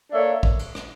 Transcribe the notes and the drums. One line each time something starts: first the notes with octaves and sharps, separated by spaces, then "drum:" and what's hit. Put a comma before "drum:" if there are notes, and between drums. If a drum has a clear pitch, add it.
A#3 D4 A4 C#5 E5
drum: kick
drum: cymbal
drum: rim click